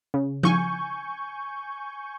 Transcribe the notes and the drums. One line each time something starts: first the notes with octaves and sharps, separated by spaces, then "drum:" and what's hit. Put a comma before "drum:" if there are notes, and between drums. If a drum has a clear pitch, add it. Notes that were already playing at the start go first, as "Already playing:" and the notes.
C#3
G#5 C#6 G6, drum: tom F3